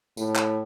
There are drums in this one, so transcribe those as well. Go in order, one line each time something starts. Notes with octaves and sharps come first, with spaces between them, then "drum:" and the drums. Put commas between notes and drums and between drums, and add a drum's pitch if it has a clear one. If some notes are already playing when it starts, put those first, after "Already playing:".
A2, drum: tambourine
drum: clap